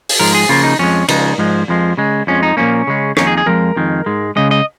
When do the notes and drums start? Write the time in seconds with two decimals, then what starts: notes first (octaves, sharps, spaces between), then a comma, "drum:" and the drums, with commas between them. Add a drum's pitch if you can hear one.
0.09 drum: open hi-hat
0.20 G#2 F3 G#3 A#4
0.35 G#4
0.49 C#3 F3 A#3 F4
0.64 D#4
0.79 F2 F3 G#3 C#4
1.09 C#3 F3 G#3 D#4, drum: cymbal
1.38 G#2 F3 G#3
1.68 F2 F3 G#3
1.98 C#3 G#3
2.27 F2 F3 G#3 C#4
2.43 D#4
2.57 A#2 F3 A#3 C#4
2.87 C#3 G#3
3.17 F2 D#3 A#3 C#4, drum: rim click
3.27 G#4
3.38 G#4
3.46 F2 F3 G#3 A#4
3.76 F2 D#3 G#3
4.06 G#2 G#3
4.36 C#3 G#3 D#5
4.51 D#5